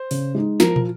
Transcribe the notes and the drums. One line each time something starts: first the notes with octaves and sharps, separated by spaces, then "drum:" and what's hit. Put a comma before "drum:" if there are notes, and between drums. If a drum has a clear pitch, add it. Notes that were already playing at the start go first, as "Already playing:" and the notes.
Already playing: C5
C#3, drum: open hi-hat
G#3 D#4
F3 A#4, drum: snare
drum: tom